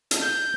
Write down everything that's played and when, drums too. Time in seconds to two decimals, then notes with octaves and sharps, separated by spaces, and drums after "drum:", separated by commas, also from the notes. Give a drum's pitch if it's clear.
0.11 drum: hi-hat
0.22 G6